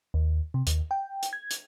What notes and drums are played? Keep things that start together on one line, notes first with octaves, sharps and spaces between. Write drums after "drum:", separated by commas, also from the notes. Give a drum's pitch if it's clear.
D#2
C3
D#2, drum: hi-hat
G5
drum: hi-hat
G#6
drum: hi-hat